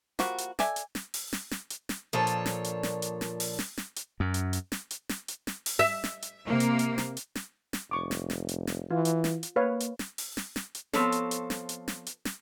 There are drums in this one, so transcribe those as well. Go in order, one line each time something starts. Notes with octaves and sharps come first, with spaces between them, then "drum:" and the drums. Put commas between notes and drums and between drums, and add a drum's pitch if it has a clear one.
F3 G3 A#3 F#4, drum: snare
drum: hi-hat
A4 D5 E5 G#5, drum: snare
drum: hi-hat
drum: snare
drum: open hi-hat
drum: snare
drum: snare
drum: hi-hat
drum: snare
A#2 F3 D4 A4 C#5
drum: hi-hat
drum: snare
drum: hi-hat
drum: snare
drum: hi-hat
drum: snare
drum: open hi-hat
drum: snare
drum: snare
drum: hi-hat
F#2
drum: hi-hat
drum: hi-hat
drum: snare
drum: hi-hat
drum: snare
drum: hi-hat
drum: snare
drum: open hi-hat
E5
drum: snare
drum: hi-hat
C3 A#3
drum: hi-hat
drum: hi-hat
drum: snare
drum: hi-hat
drum: snare
drum: snare
F1 C#6 D6
drum: snare
drum: snare
drum: hi-hat
drum: snare
E3 F4
drum: hi-hat
drum: snare
drum: hi-hat
A#3 B4 C#5 F5
drum: hi-hat
drum: snare
drum: open hi-hat
drum: snare
drum: snare
drum: hi-hat
F3 B3 C4 A4 C#5, drum: snare
drum: hi-hat
drum: hi-hat
drum: snare
drum: hi-hat
drum: snare
drum: hi-hat
drum: snare